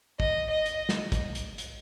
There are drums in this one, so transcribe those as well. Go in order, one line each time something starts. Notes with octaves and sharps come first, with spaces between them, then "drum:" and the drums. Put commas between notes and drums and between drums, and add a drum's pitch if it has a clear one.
D#5, drum: kick
D#5
drum: hi-hat
drum: snare
drum: kick, hi-hat
drum: hi-hat
drum: hi-hat